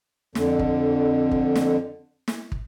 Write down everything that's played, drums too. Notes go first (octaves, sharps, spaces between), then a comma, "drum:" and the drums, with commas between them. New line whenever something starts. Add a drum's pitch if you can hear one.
F2 D3, drum: snare
drum: kick
drum: kick
drum: snare
drum: snare
drum: kick